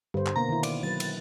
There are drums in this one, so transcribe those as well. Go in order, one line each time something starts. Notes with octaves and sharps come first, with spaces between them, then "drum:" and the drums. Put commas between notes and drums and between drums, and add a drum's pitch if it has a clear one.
G2 D3 C5
drum: clap
B2 A#3 B3 A#5
D#3 E4
D5, drum: cymbal
F#3 B4 A6
drum: cymbal